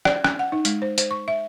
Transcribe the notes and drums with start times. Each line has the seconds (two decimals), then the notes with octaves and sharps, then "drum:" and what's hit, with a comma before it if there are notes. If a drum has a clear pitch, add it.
0.05 D5, drum: rim click
0.24 drum: rim click
0.39 F#5
0.52 D#4
0.65 G#3, drum: hi-hat
0.82 C5
0.98 C5, drum: hi-hat
1.11 C#6
1.28 E5